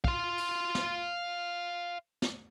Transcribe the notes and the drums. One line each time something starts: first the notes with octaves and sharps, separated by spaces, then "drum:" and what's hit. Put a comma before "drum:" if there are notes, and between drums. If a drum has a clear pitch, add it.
F5 C6, drum: kick
drum: open hi-hat
drum: snare
drum: snare